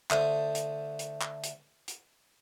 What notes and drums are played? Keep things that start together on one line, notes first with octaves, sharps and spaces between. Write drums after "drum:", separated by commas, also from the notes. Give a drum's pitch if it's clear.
D3 A3 C5 D#6, drum: clap
drum: hi-hat
drum: hi-hat
drum: clap
drum: hi-hat
drum: hi-hat